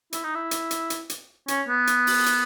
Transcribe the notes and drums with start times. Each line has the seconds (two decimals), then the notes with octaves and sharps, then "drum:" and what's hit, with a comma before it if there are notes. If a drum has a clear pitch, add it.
0.13 E4, drum: hi-hat
0.24 D#4
0.35 E4
0.51 drum: hi-hat
0.71 drum: hi-hat
0.90 drum: hi-hat
1.10 drum: hi-hat
1.48 C#4, drum: hi-hat
1.68 B3
1.87 drum: hi-hat
2.07 drum: open hi-hat
2.26 drum: hi-hat